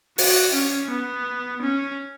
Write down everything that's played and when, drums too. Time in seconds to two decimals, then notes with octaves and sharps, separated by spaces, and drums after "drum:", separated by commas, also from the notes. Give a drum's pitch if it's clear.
0.18 F#4, drum: open hi-hat
0.54 C#4
0.90 B3
1.62 C#4